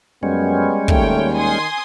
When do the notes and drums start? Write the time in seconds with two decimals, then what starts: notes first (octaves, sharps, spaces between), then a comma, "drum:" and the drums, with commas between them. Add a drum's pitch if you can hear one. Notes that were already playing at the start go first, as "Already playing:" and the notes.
0.23 F#2 G3 G#3 B3 C#4
0.88 D#2 A3 C#5 G5, drum: kick
1.35 D#3 G#5 C6 D#6